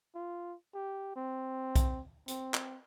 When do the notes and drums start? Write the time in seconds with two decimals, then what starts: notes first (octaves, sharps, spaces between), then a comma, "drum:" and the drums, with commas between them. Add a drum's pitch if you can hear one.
0.15 F4
0.74 G4
1.16 C4
1.75 drum: kick B1, hi-hat
2.28 C4, drum: hi-hat
2.54 drum: clap